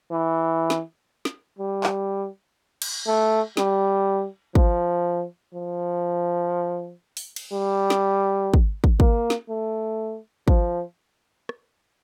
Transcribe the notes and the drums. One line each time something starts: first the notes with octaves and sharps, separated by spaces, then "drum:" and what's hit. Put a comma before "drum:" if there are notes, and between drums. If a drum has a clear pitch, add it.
E3
drum: snare
drum: snare
G3
drum: clap
drum: cymbal
A3
G3, drum: snare
F3, drum: kick
F3
drum: open hi-hat
drum: cymbal
G3
drum: snare
drum: kick
drum: kick
A#3, drum: kick
drum: snare
A3
F3, drum: kick
drum: rim click